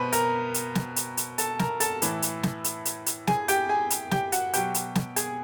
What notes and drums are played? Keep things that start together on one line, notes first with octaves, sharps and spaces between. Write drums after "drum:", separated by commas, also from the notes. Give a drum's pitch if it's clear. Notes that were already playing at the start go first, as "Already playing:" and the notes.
Already playing: B2 B4 C5 B5
A#4 A#5, drum: hi-hat
drum: hi-hat
drum: snare
drum: hi-hat
drum: hi-hat
A4 A5, drum: hi-hat
A#4 A#5, drum: snare
A4 A5, drum: hi-hat
A2 E3, drum: hi-hat
drum: hi-hat
drum: snare
drum: hi-hat
drum: hi-hat
drum: hi-hat
G#4 G#5, drum: snare
G4 G5, drum: hi-hat
G#4 G#5
drum: hi-hat
G4 G5, drum: snare
F#4 F#5, drum: hi-hat
B2 F#3 G4 G5, drum: hi-hat
drum: hi-hat
drum: snare
G#4 G#5, drum: hi-hat